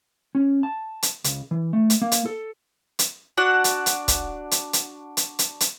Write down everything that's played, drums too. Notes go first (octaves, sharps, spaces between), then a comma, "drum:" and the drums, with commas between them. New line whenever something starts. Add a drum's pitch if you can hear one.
C#4
A5
drum: hi-hat
C#2, drum: hi-hat
E3
A3
drum: hi-hat
A#3
drum: hi-hat
A4
drum: hi-hat
D4 F#4 F#5
drum: hi-hat
drum: hi-hat
drum: kick, hi-hat
drum: hi-hat
drum: hi-hat
drum: hi-hat
drum: hi-hat
drum: hi-hat